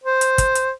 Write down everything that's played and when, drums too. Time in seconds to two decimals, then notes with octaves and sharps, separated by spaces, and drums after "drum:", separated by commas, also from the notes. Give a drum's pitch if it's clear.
0.04 C5
0.21 drum: hi-hat
0.38 drum: kick, hi-hat
0.55 drum: hi-hat